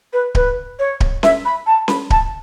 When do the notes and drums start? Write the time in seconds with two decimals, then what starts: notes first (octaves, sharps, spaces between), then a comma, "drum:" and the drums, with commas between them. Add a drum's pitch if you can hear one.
0.13 B4
0.35 B4, drum: kick D1
0.79 C#5
1.00 drum: kick D1
1.23 E5, drum: snare C#4
1.45 B5
1.66 A5
1.88 B5, drum: snare C#4
2.10 A5, drum: kick D1